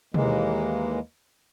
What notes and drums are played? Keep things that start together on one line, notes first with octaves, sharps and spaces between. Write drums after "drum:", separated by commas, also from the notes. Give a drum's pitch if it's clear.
D#2 E3 G#3 A#3, drum: tom B2